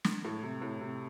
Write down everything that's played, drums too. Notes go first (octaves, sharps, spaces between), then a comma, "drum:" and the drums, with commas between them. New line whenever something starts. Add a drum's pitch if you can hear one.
drum: snare
A2
C3
A2
C3